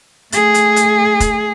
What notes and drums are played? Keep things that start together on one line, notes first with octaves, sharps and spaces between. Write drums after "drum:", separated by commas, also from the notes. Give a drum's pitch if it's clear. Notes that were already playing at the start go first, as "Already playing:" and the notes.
A3 G#4, drum: hi-hat
drum: hi-hat
drum: hi-hat
drum: kick, hi-hat